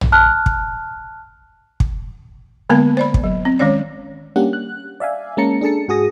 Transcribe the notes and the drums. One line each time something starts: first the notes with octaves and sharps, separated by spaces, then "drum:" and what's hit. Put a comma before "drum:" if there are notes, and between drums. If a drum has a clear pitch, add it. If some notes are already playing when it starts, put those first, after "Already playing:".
drum: tom A#1
A5 F6 F#6
drum: kick
drum: kick
D3 G#3 A#3 B3 A#4 A5
C5 D5 B5
drum: kick
F#3
C4
D#3 G#3 C#4 C#5 D5
G3 A#3 C#4 D4 G4 F#5
F#6
D5 E5 F5 G#5
G#3 A#3 C#4 A5 A#5 C#7
D4 G#4 A4 A5 C#7
G#2 F#4 G#4 D#6 A#6